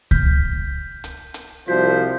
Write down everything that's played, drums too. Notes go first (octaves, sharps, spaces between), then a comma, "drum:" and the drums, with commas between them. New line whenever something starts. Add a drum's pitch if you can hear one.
F6 G6 B6, drum: kick C#2
drum: hi-hat
drum: hi-hat
C2 F3 F4 F#4 C5 B6